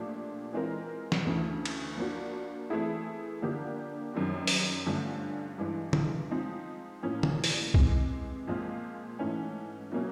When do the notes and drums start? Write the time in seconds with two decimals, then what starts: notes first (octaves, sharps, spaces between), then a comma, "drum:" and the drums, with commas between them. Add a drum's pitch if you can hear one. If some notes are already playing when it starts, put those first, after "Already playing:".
Already playing: A#2 F3 A3 D4 G4
0.53 E3 G#3 C4 F4 A#4
1.12 drum: snare
1.26 D2 C#3 E3 A3
1.65 drum: cymbal
1.97 F3 A#3 D4 F#4
2.70 E3 A3 C4 E4 G#4
3.42 D3 F3 A#3 D4 G4
4.14 F#2 D#3 G3 C4
4.47 drum: open hi-hat
4.86 G2 D3 F3 A3 C#4
5.58 G2 E3 G#3
5.93 drum: tom D3
6.31 F3 G#3 C4 D#4
7.03 A2 F3 A#3 C#4
7.23 drum: tom D3
7.44 drum: open hi-hat
7.74 C3 E3 G#3, drum: kick B1
8.47 A#2 F3 G#3 C4 F4
9.19 G#2 E3 A3 C#4
9.92 B2 F#3 A#3 C#4